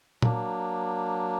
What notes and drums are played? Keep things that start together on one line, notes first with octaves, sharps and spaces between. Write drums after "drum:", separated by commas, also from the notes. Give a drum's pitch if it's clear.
F#3 A#3 D4, drum: tom A#2